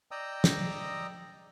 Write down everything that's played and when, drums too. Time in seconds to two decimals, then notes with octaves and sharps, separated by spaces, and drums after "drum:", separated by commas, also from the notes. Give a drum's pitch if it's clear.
0.11 D5 D#5 G5 A#5 D#6 E6
0.44 drum: snare